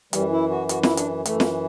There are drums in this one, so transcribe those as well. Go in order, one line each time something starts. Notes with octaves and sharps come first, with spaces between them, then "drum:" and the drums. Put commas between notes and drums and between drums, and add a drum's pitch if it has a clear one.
F#2 E3 G3, drum: hi-hat
E4
F#4
F#4, drum: hi-hat
E4, drum: snare
D4, drum: hi-hat
F#2 E3 A3, drum: hi-hat
drum: snare